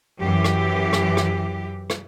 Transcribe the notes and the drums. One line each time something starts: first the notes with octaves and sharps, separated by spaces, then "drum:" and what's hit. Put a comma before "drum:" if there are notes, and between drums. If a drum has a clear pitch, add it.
F#2 E3 G4
drum: rim click
drum: rim click
drum: rim click
drum: rim click